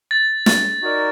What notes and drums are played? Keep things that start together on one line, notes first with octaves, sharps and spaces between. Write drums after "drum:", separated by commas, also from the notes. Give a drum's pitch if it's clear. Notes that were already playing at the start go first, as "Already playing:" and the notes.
A6
A6, drum: snare
D#4 F#4 A#4 D5